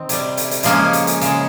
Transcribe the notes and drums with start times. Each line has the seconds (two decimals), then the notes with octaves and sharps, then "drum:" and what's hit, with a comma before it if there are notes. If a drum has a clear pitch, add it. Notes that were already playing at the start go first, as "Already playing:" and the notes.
Already playing: D#3 C4
0.09 C3 G3, drum: hi-hat
0.37 drum: hi-hat
0.51 drum: hi-hat
0.63 C#3 F3 G#3 A#3 C#4, drum: hi-hat
0.93 drum: hi-hat
1.07 drum: hi-hat
1.21 C#3 G#3, drum: hi-hat